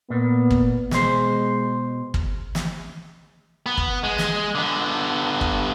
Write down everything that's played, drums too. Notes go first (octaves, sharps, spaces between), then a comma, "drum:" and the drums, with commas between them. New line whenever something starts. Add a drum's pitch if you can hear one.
A#2 B3
drum: kick
B2 G#3 C5, drum: snare
drum: kick
drum: snare
B3
drum: kick
G#3
drum: snare
D3 B3
drum: kick